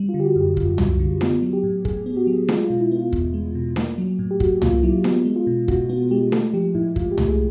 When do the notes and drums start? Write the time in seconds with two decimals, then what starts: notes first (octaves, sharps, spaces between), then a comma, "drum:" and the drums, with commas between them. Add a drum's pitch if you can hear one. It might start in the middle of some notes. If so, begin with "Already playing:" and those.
Already playing: G3
0.09 F4
0.14 D3
0.20 G4
0.25 F#4
0.36 F#2 G4
0.57 F#2 F4, drum: kick
0.78 G3, drum: tom
0.99 D3
1.21 B3 F4, drum: snare D4
1.42 F#3
1.53 G4
1.63 A2
1.85 A2 G#4, drum: kick
2.06 B3
2.17 F#4
2.27 F#3
2.49 G#3 F4, drum: snare D4
2.64 F4
2.70 B2
2.80 E4
2.92 B3
2.97 F4
3.13 E2, drum: kick
3.34 G#3
3.55 B2
3.76 A#3, drum: snare D4
3.98 F#3
4.19 A2
4.31 G4
4.40 A2 F#4, drum: kick
4.62 A#3 F4, drum: tom
4.83 F#3 E4
5.04 B3 F4, drum: snare D4
5.25 G#3
5.36 F4
5.47 B2
5.68 B2 F#4, drum: kick
5.89 B3 F#4
6.11 G#3 G4
6.32 A3 A4, drum: snare D4
6.53 F3 G4
6.75 A2 E4
6.96 A2 F4, drum: kick
7.12 G4
7.18 A3, drum: tom
7.28 G#4